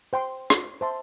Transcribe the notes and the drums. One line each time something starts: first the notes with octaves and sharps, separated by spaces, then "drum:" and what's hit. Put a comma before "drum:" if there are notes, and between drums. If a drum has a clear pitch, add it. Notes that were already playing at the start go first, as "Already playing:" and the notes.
C5 G5 C6
drum: rim click
C5 E5 A5 C6